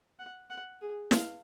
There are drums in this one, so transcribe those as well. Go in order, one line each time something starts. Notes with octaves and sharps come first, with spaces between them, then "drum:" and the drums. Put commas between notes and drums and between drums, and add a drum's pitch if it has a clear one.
F#5
F#5
G#4
F5, drum: snare